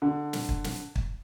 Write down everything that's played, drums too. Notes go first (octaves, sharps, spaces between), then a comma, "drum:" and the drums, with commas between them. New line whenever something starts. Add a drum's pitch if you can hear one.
D3
drum: snare
drum: kick
drum: snare
drum: kick